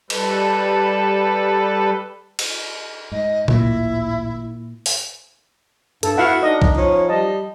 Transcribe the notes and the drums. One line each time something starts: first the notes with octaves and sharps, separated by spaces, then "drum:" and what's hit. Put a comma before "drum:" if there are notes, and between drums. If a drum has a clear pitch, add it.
G3 A4 B4, drum: cymbal
drum: cymbal
G#2 D#5
A1 D2 A#2 E4, drum: tom A#2
drum: open hi-hat
G2 A4, drum: hi-hat
B3 E4 F#4 F5 F#5
D4 D#4 D#5
drum: kick
F3 C#4
G3 D#5 A5